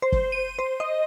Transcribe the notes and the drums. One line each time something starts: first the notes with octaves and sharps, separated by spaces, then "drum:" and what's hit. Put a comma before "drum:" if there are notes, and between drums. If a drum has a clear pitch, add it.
C5
drum: kick F#1
D#7
C5
D#5